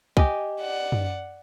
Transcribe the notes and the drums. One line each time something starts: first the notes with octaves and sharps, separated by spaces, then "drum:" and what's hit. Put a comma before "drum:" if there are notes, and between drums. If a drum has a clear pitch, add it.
G4 D#5 G#5, drum: kick
D5 F#5
drum: tom F#2